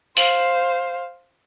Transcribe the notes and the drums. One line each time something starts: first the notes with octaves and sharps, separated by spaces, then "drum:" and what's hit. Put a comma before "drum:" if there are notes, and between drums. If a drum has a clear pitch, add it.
C5 F5, drum: open hi-hat